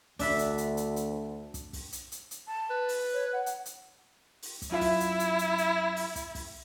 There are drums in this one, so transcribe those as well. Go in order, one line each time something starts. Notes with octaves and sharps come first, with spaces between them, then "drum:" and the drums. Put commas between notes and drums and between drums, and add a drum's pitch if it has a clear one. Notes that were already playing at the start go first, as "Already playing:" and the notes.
D2 D4 E5 B5, drum: kick, open hi-hat
drum: hi-hat
drum: hi-hat
drum: hi-hat
drum: hi-hat
drum: kick, hi-hat
drum: kick, open hi-hat
drum: hi-hat
drum: hi-hat
drum: hi-hat
A5
B4
drum: open hi-hat
C#5
F#5
drum: hi-hat
drum: hi-hat
drum: open hi-hat
drum: kick, hi-hat
F#2 E4 F4 E5
drum: kick, open hi-hat
drum: hi-hat
drum: hi-hat
drum: hi-hat
drum: hi-hat
drum: open hi-hat
drum: kick, hi-hat
drum: kick, open hi-hat